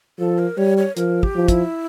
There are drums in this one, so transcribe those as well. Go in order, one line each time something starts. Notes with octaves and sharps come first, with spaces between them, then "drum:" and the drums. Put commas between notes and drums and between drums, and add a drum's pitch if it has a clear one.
F3 A4
A#4
G3 C#5
C#5
F3 A#4, drum: hi-hat
G4, drum: kick
F3
E4, drum: kick, hi-hat